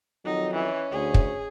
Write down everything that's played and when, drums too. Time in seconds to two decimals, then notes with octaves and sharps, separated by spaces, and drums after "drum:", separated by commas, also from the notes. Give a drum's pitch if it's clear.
0.25 F2 D#3 F#3 D#4
0.54 E3 C#4
0.91 D2 G#4
1.14 drum: kick